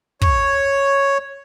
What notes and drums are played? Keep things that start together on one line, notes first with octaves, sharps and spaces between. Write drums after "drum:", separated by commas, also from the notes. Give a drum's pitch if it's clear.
C#5, drum: kick